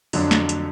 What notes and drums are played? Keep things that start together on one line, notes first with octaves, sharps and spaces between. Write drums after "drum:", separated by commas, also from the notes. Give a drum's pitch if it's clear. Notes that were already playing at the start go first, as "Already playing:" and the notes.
F2 D3 F#3 D4, drum: open hi-hat
drum: snare
drum: hi-hat